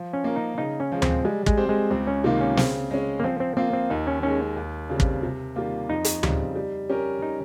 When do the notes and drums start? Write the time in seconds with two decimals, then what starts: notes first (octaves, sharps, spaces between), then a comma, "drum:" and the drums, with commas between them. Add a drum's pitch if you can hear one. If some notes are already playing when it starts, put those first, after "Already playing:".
Already playing: F3
0.13 C#4
0.24 A#3 F4 A#4
0.36 D#4
0.58 C#3 D#4
0.80 C#4
0.92 F3 G#3
1.02 C4, drum: tom D2
1.25 G3 G#3
1.46 G#3, drum: kick
1.57 C4 G4 C5
1.69 G#3
1.91 C#2 C4
2.07 C#4
2.24 C3 D#3 A#3 D#4 F4
2.41 C#4
2.57 C#3 C4, drum: snare
2.91 G#3 C#4
3.20 A#3
3.24 F3 C4
3.40 C4
3.57 A#3 C4 F4
3.73 C4
3.90 D#2 D#4
4.07 C#4
4.23 D#3 G#3 C#4
4.56 D#2
4.89 C#3 G3 C4
5.00 drum: kick
5.23 C3
5.56 D#3 G3 A#3 F4
5.90 F2 D#4
6.04 drum: hi-hat
6.23 C#3 G3 C4, drum: tom D2
6.56 G3
6.89 C#4 G4 A#4
7.22 D#4